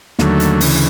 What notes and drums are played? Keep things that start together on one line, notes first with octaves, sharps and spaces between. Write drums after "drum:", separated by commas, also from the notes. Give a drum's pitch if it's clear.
D#2 D3 F#3 A3, drum: snare
drum: hi-hat
D2 C#3 E3, drum: open hi-hat